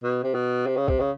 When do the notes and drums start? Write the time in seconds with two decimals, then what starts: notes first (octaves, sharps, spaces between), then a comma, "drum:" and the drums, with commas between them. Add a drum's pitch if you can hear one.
0.03 B2
0.23 C3
0.34 B2
0.66 C3
0.77 C#3
0.88 C3, drum: kick
1.00 C#3